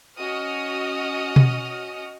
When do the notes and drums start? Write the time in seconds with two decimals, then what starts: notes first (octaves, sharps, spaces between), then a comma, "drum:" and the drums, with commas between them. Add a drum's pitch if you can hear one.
0.19 C#4 F#4 D#5 D#6 F6 C#7
1.36 drum: tom B2